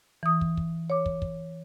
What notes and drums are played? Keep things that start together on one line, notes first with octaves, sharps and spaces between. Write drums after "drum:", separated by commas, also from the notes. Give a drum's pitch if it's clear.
E3 D#6
drum: kick
drum: kick
C#5 D6
drum: kick
drum: kick